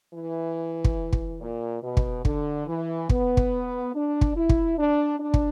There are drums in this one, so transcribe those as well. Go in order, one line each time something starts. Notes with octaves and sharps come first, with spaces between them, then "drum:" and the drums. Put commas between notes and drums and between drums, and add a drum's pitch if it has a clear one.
E3
drum: kick
drum: kick
A#2
B2
drum: kick
D3, drum: kick
E3
B3, drum: kick
drum: kick
D4
drum: kick
E4
drum: kick
D4
D4
drum: kick